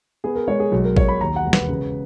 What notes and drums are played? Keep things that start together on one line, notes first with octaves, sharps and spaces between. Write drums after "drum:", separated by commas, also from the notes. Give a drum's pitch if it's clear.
B3 G#4
A#4
G#3 C#5
G#4
B1
A#4
B1 C#5, drum: kick A1
B5
D#2 A#5
F#5
E1
B4, drum: snare
C#3